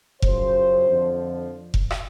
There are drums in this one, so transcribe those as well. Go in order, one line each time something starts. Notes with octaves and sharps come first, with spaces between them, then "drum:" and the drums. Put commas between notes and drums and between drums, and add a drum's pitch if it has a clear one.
F#2 C#3 F3 C5, drum: kick F1
F2 D3 F3
drum: kick F1
drum: rim click